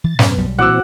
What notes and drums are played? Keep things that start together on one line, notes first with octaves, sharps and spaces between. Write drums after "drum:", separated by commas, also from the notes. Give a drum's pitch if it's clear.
E3 A6
F#2 B2 B3 C#4, drum: snare
B1 F#3 G3
A#2 E3 C4 F#4 F#5 D6 E6